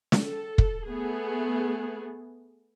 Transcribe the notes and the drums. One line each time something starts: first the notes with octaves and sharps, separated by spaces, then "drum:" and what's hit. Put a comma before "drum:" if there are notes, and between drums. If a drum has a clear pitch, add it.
drum: snare
A4
drum: kick
A3 B3 G#4